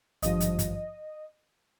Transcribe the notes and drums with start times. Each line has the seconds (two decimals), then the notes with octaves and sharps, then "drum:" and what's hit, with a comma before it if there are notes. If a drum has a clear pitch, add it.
0.22 G#1 G2 F3 D#5, drum: hi-hat
0.40 drum: hi-hat
0.59 drum: kick, hi-hat